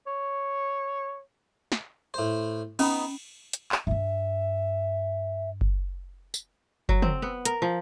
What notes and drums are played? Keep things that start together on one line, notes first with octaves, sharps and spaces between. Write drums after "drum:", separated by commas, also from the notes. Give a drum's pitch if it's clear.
C#5
drum: snare
A2 C5
B3 C#4 D#4 B5, drum: cymbal
drum: hi-hat
drum: clap
G2 D4 E5
drum: kick F#1
drum: tambourine
F#3, drum: kick F#1
C4, drum: tom
B3
A#4, drum: hi-hat
F3